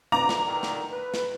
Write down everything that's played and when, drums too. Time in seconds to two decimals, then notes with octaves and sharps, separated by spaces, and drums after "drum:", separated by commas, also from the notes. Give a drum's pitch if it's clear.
0.12 D2 F3 B4 A#5 D6
0.29 drum: snare
0.44 A#2 D3 D#3
0.63 drum: snare
0.90 B4
1.14 drum: snare